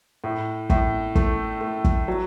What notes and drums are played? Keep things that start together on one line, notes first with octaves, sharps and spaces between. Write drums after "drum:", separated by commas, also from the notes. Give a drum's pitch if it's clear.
A2
A2, drum: kick
A3, drum: kick
A3
drum: kick
F#3